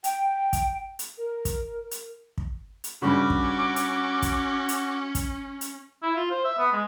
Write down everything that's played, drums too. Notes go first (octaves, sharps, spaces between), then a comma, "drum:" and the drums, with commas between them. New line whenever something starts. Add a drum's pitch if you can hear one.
G5, drum: hi-hat
drum: kick, hi-hat
drum: hi-hat
A#4
drum: kick, hi-hat
drum: hi-hat
drum: kick
drum: hi-hat
G2 C#3 C#4 F#4 D6
drum: kick
drum: hi-hat
drum: kick, hi-hat
drum: hi-hat
drum: kick, hi-hat
drum: hi-hat
E4
F4
C5
E5
B3
G#3